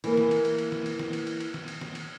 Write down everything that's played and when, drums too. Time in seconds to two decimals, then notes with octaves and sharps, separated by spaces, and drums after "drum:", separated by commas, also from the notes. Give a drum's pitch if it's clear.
0.04 E3 A#3, drum: cymbal
0.17 drum: snare
0.31 drum: cymbal
0.45 drum: cymbal
0.58 drum: cymbal
0.72 drum: snare
0.86 drum: cymbal
0.99 drum: snare
1.13 drum: cymbal
1.27 drum: cymbal
1.40 drum: cymbal
1.54 drum: snare
1.68 drum: cymbal
1.81 drum: snare
1.95 drum: cymbal